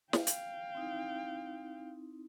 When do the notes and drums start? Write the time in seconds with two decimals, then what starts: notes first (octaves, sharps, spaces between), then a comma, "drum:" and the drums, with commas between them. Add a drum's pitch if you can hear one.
0.13 F5 G5, drum: snare
0.27 drum: hi-hat
0.75 C4 D#4 E4